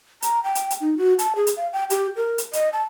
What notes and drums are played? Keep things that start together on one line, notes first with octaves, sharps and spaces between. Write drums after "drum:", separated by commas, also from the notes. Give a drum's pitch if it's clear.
A#5, drum: hi-hat
G5
drum: hi-hat
drum: hi-hat
D#4
F#4
A5, drum: hi-hat
G#4
drum: hi-hat
F5
G5
G4, drum: hi-hat
A#4
drum: hi-hat
D#5, drum: hi-hat
A5